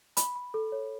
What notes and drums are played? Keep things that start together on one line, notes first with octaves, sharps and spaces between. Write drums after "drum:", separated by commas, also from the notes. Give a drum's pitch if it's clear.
B5, drum: hi-hat
B5
A4
C#5